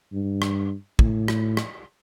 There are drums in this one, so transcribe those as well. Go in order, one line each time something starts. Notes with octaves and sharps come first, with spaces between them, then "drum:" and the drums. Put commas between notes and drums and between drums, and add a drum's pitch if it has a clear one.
G2
drum: rim click
A2, drum: kick
drum: rim click
drum: rim click